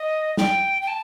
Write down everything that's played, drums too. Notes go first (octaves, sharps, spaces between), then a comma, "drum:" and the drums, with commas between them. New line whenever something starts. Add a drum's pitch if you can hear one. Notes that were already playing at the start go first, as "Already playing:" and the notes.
Already playing: D#5
G5, drum: snare
G5
A5